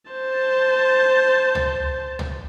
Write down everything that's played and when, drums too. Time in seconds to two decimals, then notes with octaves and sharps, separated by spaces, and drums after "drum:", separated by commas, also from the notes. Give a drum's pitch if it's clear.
0.11 C5 A5
1.55 drum: tom
2.19 drum: tom